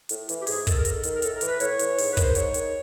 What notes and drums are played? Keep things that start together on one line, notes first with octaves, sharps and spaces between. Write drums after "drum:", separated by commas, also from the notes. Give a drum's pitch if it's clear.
A2, drum: hi-hat
E3, drum: hi-hat
G4
G#2 G#4, drum: open hi-hat
D#3 A4, drum: kick, hi-hat
A#4
G#2, drum: hi-hat
A4
D#3, drum: hi-hat
A#4
A2 A4, drum: hi-hat
A#4
E3, drum: hi-hat
B4
A2 C#5, drum: hi-hat
E3, drum: hi-hat
G#2, drum: open hi-hat
B4
D#3, drum: kick, hi-hat
C5
G#2 C#5, drum: hi-hat
D#3, drum: hi-hat